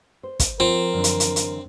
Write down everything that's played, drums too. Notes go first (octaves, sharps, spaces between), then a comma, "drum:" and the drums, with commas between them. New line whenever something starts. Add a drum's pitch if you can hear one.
C5
drum: kick, hi-hat
F3 C4 A#4
F#2 D3 E3
drum: hi-hat
drum: hi-hat
drum: hi-hat